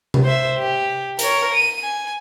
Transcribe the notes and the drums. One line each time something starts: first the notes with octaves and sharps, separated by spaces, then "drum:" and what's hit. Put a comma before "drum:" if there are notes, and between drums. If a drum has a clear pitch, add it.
drum: tom C3
C5 E5
G4
A#4 C#5, drum: hi-hat
D#7
G#5